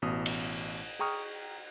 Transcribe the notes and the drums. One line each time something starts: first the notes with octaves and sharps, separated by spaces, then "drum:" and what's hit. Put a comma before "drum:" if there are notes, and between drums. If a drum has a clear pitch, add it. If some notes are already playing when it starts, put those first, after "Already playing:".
A1 B2 D#6
drum: cymbal
G#4 G5 A#5 C#6 D#6 F6